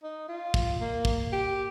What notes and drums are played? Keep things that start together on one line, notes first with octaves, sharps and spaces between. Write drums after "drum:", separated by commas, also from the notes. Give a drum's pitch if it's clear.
D#4
F4
drum: kick
A#3
drum: kick
G4